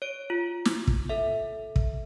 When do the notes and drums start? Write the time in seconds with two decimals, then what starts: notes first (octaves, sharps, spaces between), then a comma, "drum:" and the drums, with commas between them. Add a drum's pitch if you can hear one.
0.02 C#5 D7
0.30 F4
0.65 drum: snare
0.87 drum: kick
1.09 A4 E5
1.76 drum: kick